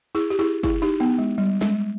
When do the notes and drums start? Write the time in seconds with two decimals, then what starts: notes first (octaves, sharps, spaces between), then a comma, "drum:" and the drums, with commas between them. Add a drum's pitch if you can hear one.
0.15 E4 G#4
0.30 G4
0.39 E4 G#4
0.63 E4 G#4, drum: kick
0.82 D#4 G4
1.00 B3 D#4
1.18 G#3
1.38 G3
1.61 G#3, drum: snare